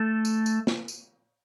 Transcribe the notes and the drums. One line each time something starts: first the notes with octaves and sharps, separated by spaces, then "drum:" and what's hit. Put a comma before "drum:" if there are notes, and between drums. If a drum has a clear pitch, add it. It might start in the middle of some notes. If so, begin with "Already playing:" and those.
Already playing: A3 A4
drum: tambourine
drum: tambourine
drum: snare
drum: tambourine